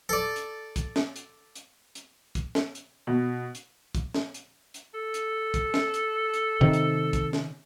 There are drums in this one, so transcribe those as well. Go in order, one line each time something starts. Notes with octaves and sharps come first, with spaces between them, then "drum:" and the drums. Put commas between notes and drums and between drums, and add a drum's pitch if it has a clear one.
A4 D5
drum: hi-hat
drum: kick, hi-hat
drum: snare
drum: hi-hat
drum: hi-hat
drum: hi-hat
drum: kick, hi-hat
drum: snare
drum: hi-hat
B2
drum: hi-hat
drum: kick, hi-hat
drum: snare
drum: hi-hat
drum: hi-hat
A4
drum: hi-hat
drum: kick, hi-hat
drum: snare
drum: hi-hat
drum: hi-hat
C3 D#3
drum: hi-hat
drum: kick, hi-hat
drum: snare